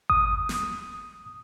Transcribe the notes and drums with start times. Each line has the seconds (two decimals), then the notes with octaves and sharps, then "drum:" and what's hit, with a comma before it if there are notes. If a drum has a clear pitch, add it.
0.10 D#6, drum: kick G#1
0.49 drum: snare